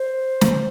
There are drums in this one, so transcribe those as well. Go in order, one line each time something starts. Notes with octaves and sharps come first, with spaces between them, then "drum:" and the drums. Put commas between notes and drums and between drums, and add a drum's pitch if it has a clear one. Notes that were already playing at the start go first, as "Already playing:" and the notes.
Already playing: C5
drum: snare